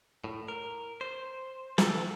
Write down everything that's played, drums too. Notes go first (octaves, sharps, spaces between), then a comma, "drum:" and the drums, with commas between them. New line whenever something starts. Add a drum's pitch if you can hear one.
A2
A#4
C5
A4, drum: snare